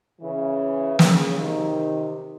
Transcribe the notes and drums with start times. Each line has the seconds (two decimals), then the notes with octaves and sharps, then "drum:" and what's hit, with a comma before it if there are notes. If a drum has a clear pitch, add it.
0.22 C#3 E3
0.99 C#3, drum: snare
1.38 C3 D#3